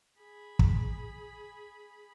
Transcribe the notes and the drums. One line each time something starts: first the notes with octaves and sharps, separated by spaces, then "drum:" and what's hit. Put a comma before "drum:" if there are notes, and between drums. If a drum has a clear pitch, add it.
G#4 B5
drum: kick